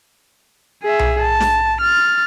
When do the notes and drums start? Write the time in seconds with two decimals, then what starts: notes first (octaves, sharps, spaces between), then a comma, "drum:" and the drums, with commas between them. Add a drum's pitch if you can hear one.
0.83 G#4 E5
0.99 drum: tom B1
1.21 A5
1.40 drum: snare
1.81 F6 A6